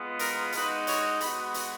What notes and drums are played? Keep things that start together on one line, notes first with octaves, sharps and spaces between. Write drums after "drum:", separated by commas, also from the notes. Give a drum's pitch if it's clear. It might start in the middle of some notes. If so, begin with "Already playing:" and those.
Already playing: G#3 B3 F4
A#4, drum: hi-hat
G#3 D#4 F#4 B4, drum: hi-hat
C#5, drum: hi-hat
G#3 B3 F#4 B5, drum: hi-hat
drum: hi-hat